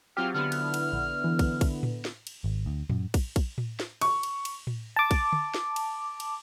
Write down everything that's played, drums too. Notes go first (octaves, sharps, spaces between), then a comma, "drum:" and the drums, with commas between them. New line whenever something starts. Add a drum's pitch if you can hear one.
F#3 C4 F4 G4 F6
D3 B3 E4 F6
drum: cymbal
drum: cymbal
A#1
E3
drum: kick, cymbal
drum: kick, cymbal
drum: tom A2
drum: snare
drum: cymbal
G#1
D2
F#2, drum: tom A2
drum: kick, cymbal
drum: kick, cymbal
drum: tom A2
drum: snare
C#6, drum: cymbal
drum: cymbal
drum: cymbal
drum: tom A2
A5 D6
drum: kick, cymbal
drum: tom
drum: snare
drum: cymbal
drum: cymbal